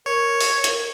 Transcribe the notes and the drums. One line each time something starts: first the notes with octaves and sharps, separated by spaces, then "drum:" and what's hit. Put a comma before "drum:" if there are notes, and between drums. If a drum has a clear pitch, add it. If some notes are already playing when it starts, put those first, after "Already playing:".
A#4 C#5
drum: open hi-hat
A#4, drum: hi-hat